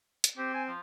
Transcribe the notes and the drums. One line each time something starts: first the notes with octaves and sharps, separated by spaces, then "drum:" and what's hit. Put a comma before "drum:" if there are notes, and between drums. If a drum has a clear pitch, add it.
drum: hi-hat
C4 G4
G#5
F3